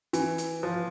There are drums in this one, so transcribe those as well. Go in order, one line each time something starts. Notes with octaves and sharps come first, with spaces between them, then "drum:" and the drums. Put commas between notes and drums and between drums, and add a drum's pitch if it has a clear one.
E3, drum: hi-hat
drum: hi-hat
F3